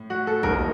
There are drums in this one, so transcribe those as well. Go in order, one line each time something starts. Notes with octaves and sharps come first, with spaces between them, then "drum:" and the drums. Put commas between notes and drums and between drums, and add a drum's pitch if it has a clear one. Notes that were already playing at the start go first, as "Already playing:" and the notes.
Already playing: A2
F#4
A4
E1 D#2 D#3 F#3 A#4, drum: kick A#1